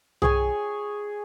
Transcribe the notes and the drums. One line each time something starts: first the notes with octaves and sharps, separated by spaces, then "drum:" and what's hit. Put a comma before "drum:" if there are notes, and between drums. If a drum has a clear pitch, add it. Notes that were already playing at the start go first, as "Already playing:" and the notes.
G#4 C#5 G#5, drum: tom B1